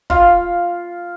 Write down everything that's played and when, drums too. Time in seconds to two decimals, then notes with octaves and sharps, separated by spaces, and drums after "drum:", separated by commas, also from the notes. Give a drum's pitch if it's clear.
0.10 F4 F5, drum: kick